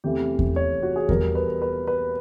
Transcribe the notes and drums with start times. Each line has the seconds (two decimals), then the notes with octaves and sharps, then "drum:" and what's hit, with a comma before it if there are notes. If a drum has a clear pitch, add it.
0.04 E2 C3 E3 A3 G4
0.39 drum: kick E2
0.56 C#5
0.83 F#4
0.96 G#4
1.09 E2 B2 G3 B3 A#4, drum: kick E2
1.35 B4
1.62 B4
1.88 B4